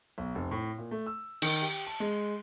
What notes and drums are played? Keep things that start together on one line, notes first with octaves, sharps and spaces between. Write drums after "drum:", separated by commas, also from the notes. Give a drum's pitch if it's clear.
B1
F1
A2
A#2
A3
E6
D#3, drum: cymbal
G4
A5
G#3